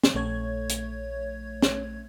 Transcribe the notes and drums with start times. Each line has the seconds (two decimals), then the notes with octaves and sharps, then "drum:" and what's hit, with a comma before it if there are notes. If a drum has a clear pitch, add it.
0.04 drum: snare
0.14 A#1 A3 C#5 G#6
0.69 drum: hi-hat
1.62 drum: snare